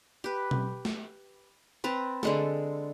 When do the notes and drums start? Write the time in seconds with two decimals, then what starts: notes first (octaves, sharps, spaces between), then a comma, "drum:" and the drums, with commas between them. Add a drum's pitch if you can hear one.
0.24 G4 B4
0.51 drum: tom B2
0.85 drum: snare
1.84 C4 B4 A5 A#5
2.23 D3 G#3 A4, drum: snare